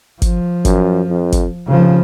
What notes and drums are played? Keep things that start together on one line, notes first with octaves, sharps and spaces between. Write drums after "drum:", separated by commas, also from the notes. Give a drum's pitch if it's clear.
F3, drum: kick G1, hi-hat
F#2, drum: kick G1, hi-hat
F2
drum: kick G1, hi-hat
F1 C#3 F3